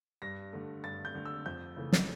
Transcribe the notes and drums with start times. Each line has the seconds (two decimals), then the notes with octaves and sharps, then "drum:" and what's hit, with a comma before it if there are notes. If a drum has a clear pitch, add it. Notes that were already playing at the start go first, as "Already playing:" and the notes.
0.22 G2 A#6
0.53 D3 A3
0.84 G2 A6
1.05 G6
1.15 D3 A3
1.25 E6
1.46 F2 G6
1.77 C#3 E3 A3
1.93 drum: snare